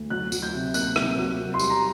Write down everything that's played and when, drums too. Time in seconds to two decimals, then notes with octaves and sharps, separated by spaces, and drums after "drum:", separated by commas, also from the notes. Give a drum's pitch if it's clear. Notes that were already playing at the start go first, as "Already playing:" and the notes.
Already playing: D2
0.10 F#3 F#6
0.32 F#3, drum: tambourine
0.42 G6
0.53 C3
0.74 A#3 F#6, drum: tambourine
0.96 C3, drum: rim click
1.17 F#3
1.38 C3
1.54 C6
1.60 G3, drum: tambourine
1.70 A#5